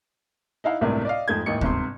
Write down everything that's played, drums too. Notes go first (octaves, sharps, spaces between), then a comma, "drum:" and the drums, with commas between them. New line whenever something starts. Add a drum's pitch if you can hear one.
D#4 E4 F5 F#5
G1 C#2 A2 C3 A#4 D5
D5 D#5 F5
F2 G#2 A3 G6 G#6
A1 D#2 G#2 D#4 C#7
G1 G#2 C3 C6, drum: kick